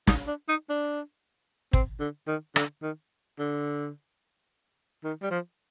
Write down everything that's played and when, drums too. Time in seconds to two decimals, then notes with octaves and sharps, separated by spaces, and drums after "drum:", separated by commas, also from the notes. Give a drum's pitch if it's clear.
0.07 D#4, drum: snare
0.27 D4
0.49 D#4
0.70 D4
1.73 C4, drum: kick
2.00 D3
2.28 D#3
2.56 D3, drum: rim click
2.83 D#3
3.39 D3
5.04 D#3
5.22 G3
5.31 F3